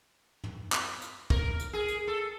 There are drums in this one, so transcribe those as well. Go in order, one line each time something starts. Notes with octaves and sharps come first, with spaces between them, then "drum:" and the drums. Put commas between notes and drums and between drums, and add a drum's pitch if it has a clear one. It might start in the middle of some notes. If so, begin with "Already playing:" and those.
drum: tom
drum: clap
drum: hi-hat
A#4, drum: kick
drum: hi-hat
G#4
drum: hi-hat
A4